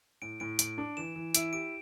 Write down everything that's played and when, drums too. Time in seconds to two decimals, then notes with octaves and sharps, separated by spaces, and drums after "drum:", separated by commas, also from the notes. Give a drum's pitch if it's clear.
0.22 A2 D7
0.40 A2 D7
0.59 A2 D7, drum: hi-hat
0.78 D4
0.97 E3 E7
1.16 E3
1.34 E4 D7, drum: hi-hat
1.53 G4 D7